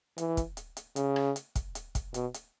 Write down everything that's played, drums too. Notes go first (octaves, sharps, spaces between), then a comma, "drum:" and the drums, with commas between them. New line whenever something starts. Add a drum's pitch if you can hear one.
E3, drum: hi-hat
drum: kick, hi-hat
drum: hi-hat
drum: hi-hat
C#3, drum: hi-hat
drum: rim click
drum: hi-hat
drum: kick, hi-hat
drum: hi-hat
drum: kick, hi-hat
B2, drum: hi-hat
drum: hi-hat